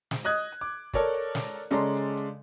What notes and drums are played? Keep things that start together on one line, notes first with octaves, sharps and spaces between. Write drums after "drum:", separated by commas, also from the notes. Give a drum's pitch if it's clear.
drum: snare
D#5 D#6 F#6 G#6
drum: hi-hat
D6
A4 A#4 C#5 D5, drum: kick, hi-hat
drum: hi-hat
drum: snare
drum: hi-hat
C#3 G#3 A4 D5 A#5 C6
drum: hi-hat
drum: hi-hat